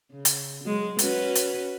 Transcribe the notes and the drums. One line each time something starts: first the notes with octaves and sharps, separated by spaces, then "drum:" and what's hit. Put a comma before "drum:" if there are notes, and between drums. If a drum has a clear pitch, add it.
C#3
drum: hi-hat
F#3 G#3
C#4 F#4 B4, drum: hi-hat
drum: hi-hat